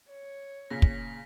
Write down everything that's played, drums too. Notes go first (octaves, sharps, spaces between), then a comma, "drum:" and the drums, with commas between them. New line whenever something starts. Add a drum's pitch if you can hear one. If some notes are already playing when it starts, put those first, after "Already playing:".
C#5
A#2 C#3 A#6 B6
drum: kick